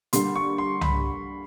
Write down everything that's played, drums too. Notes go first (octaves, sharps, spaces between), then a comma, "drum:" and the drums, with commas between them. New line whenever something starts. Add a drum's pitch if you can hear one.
D3 G3 A#3 D4 C6, drum: hi-hat
C#6
C6
B5, drum: tom C2